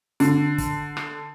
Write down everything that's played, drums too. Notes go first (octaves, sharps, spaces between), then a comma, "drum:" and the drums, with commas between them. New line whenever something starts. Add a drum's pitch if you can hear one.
D3, drum: hi-hat
drum: kick, hi-hat
drum: rim click